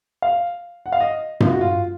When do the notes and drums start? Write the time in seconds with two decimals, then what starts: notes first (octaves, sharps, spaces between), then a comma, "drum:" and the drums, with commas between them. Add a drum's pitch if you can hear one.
0.22 F5
0.86 F#5
0.92 F5
1.00 D#5
1.40 F4, drum: tom G2
1.50 F#4
1.61 F4